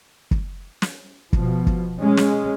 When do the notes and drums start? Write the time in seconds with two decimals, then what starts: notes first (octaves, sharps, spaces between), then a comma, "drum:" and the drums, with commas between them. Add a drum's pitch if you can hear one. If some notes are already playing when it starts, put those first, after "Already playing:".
0.31 drum: kick
0.82 drum: snare
1.33 B2 F3, drum: kick
1.67 drum: kick
1.99 G#3 C#4
2.17 drum: snare